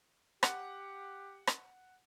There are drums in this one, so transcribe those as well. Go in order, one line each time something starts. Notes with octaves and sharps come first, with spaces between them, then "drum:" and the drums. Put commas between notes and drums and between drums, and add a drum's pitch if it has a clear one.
G4 F#5, drum: rim click
drum: rim click